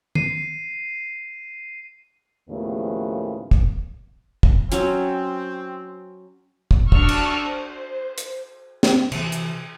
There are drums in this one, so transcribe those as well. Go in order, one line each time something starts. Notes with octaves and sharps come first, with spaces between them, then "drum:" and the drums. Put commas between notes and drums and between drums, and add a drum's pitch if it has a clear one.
C7 D#7, drum: tom D#3
D#2 A2 C#3 F3 G#3 B3
drum: kick
drum: kick
F#3 C4 C#4, drum: hi-hat
drum: kick
D4 F#4 C#6 E6 F6, drum: kick
drum: cymbal
C5
drum: hi-hat
drum: snare
C3 E3, drum: cymbal
drum: hi-hat